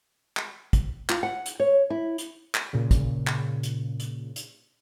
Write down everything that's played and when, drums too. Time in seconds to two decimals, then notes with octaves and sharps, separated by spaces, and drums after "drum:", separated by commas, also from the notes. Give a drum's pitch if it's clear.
0.37 drum: clap
0.73 drum: kick, hi-hat
1.09 F4, drum: clap
1.23 F#5
1.46 drum: hi-hat
1.60 C#5
1.90 E4
2.18 drum: hi-hat
2.55 drum: clap
2.73 A#2 C#3
2.91 drum: kick, hi-hat
3.27 drum: clap
3.63 drum: hi-hat
4.00 drum: hi-hat
4.36 drum: hi-hat